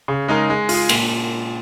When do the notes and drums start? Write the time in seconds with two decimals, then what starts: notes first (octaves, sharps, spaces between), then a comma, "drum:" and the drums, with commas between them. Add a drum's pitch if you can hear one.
0.08 C#3
0.28 G#3 D#4 A#4
0.50 G#3
0.69 F4, drum: open hi-hat
0.74 G#4
0.89 A#2, drum: cymbal